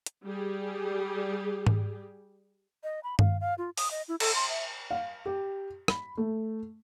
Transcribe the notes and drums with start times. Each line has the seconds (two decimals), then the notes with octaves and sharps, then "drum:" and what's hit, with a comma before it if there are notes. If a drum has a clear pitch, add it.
0.06 drum: hi-hat
0.24 G3 G4 G#4
1.67 drum: tom G#2
2.84 D#5
3.04 B5
3.19 F5, drum: tom G2
3.41 F5
3.58 F4
3.77 D#6, drum: open hi-hat
3.91 D#5
4.08 E4
4.20 A4, drum: cymbal
4.35 C6
4.49 E5
4.91 F5
5.26 G4
5.88 B5, drum: rim click
6.18 A3